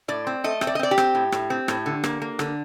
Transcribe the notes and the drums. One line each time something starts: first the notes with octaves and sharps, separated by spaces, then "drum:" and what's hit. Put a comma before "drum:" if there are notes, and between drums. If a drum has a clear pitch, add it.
A2 D5
C4
A3 D#5
C4, drum: rim click
D5
D#5
C4 D5
G4
C4, drum: rim click
A2
A2, drum: rim click
C4
A2, drum: rim click
D3
A#3, drum: rim click
A#3
D3, drum: rim click